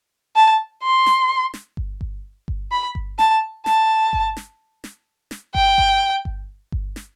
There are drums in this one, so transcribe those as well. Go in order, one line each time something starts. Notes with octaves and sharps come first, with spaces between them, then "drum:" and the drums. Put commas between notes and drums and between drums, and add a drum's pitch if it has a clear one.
A5
C6
drum: snare
drum: snare
drum: kick G1
drum: kick G1
drum: kick G1
B5
drum: kick G1
A5, drum: snare
A5, drum: snare
drum: kick G1
drum: snare
drum: snare
drum: snare
G5, drum: kick G1
drum: kick G1
drum: kick G1
drum: kick G1
drum: snare